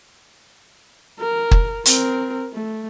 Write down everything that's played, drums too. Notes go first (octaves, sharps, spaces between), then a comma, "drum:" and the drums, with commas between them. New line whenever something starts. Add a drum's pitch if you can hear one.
A#4
drum: kick
C4 A#4, drum: hi-hat
A3